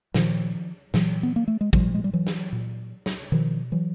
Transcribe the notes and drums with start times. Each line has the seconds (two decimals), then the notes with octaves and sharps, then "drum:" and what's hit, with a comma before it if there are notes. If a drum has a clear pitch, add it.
0.14 A#2 D#3 F3, drum: snare
0.94 A#2 E3 F#3, drum: snare
1.23 B3
1.36 A#3
1.48 A3
1.61 G#3
1.73 A#2 F3 G3, drum: kick
1.94 G#3
2.04 G3
2.13 E3 F#3
2.27 drum: snare
2.52 A#2
3.06 drum: snare
3.32 B2 D#3 F3
3.72 E3 F#3